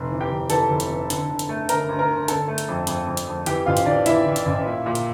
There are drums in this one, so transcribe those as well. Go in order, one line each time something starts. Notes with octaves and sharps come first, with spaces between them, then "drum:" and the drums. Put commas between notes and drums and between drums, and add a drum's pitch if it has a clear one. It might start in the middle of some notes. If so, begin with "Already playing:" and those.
Already playing: F1
E3
G4 G5
F1
E3 A4 A5, drum: hi-hat
F1
drum: hi-hat
E3
D3, drum: hi-hat
D3
drum: hi-hat
A3
D3 A#4 A#5, drum: hi-hat
D2
A#4 A#5
D3
D3 A4 A5, drum: hi-hat
A3
drum: hi-hat
F2
F2, drum: hi-hat
F2
drum: hi-hat
F2
E3 G4 G5, drum: hi-hat
A1 F4 F5
drum: hi-hat
E3 D4 D5
E3 E4 E5, drum: hi-hat
E3
drum: hi-hat
A1
A#2
A#2
drum: hi-hat